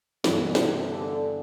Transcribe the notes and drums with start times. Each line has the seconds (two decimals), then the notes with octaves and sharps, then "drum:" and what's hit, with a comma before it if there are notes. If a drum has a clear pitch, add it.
0.24 G2 B2 E3 B3, drum: snare
0.55 C3, drum: snare
0.87 D3